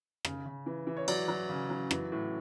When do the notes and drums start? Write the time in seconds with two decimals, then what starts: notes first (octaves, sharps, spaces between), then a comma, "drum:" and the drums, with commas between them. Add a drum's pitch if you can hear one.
0.25 C#3, drum: rim click
0.46 C#3
0.66 E3
0.87 E3
0.97 C#5
1.08 F#3 D5, drum: cymbal
1.28 F#3
1.49 C#3
1.70 F#3
1.91 E3, drum: rim click
2.12 A2